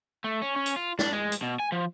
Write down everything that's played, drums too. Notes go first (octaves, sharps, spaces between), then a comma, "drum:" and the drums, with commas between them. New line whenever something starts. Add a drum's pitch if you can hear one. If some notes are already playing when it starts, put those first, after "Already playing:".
A3
C#4
C#4
drum: hi-hat
F4
D4, drum: snare
G#3
drum: hi-hat
B2
G#5
F3